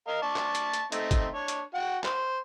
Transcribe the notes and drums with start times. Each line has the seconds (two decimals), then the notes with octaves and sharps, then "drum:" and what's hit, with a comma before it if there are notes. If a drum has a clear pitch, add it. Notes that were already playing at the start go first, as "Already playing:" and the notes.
0.08 A#4 D#5 F5
0.22 D5 A5 C#6
0.36 drum: clap
0.55 drum: hi-hat
0.73 drum: hi-hat
0.92 A3 C4 D#4, drum: hi-hat
1.11 drum: kick, hi-hat
1.34 D4 C#5
1.48 drum: hi-hat
1.74 F#4 F#5 G5
2.04 C5, drum: clap